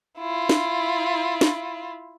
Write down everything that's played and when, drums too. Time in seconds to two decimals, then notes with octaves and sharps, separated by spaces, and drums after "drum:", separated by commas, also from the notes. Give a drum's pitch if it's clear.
0.19 E4 F4
0.49 drum: snare
1.41 drum: snare